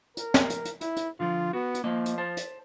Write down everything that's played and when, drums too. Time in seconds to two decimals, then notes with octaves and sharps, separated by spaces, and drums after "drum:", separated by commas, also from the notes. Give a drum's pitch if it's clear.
0.17 A#4, drum: hi-hat
0.34 drum: snare
0.50 drum: hi-hat
0.65 drum: hi-hat
0.81 E4, drum: hi-hat
0.97 drum: hi-hat
1.20 D3 F3 F4
1.53 B3 F#4
1.75 drum: hi-hat
1.84 F3 A#3 D#5
2.06 drum: hi-hat
2.18 C5 A5
2.37 drum: hi-hat